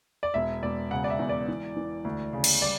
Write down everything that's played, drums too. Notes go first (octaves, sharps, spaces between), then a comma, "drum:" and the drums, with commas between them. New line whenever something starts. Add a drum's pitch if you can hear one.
D5
E1 E5
E1 D5
C#3 F#5
D5
E5
E2
D5
E3
E3
D2
C#3
drum: cymbal
G3 D5